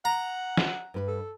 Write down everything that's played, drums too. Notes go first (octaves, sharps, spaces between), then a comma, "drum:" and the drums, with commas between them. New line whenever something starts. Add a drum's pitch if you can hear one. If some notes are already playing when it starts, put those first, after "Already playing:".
F#5 A#5
drum: snare
G2 B4
A4